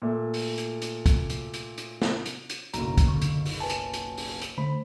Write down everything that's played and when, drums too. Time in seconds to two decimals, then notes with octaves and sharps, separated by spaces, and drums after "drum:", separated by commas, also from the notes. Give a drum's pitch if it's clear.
0.02 A#2 A3
0.34 drum: open hi-hat
0.58 drum: hi-hat
0.82 drum: hi-hat
1.06 drum: kick, hi-hat
1.30 drum: hi-hat
1.54 drum: hi-hat
1.78 drum: hi-hat
2.02 drum: snare
2.26 drum: hi-hat
2.50 drum: hi-hat
2.74 F#1 B1 A#5, drum: hi-hat
2.98 drum: kick, hi-hat
3.08 D3 C#6
3.22 drum: hi-hat
3.46 drum: open hi-hat
3.60 B4 G#5 A5
3.69 drum: hi-hat
3.93 drum: hi-hat
4.17 drum: open hi-hat
4.41 drum: hi-hat
4.58 D3 A3 C5 B5